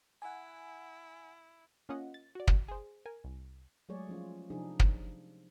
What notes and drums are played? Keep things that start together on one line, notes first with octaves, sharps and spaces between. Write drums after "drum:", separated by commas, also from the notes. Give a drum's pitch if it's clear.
E4 F#5 G#5
A#3 C#4 F4 D#5 F#5
A6
F#4 D5
drum: kick
G#4 C5
A#4 G#5
C2
F#3 G#3 A3 G#4 C#5 D5
F3 C#4 F4
C3 F3 D4 D#4 G#4
drum: kick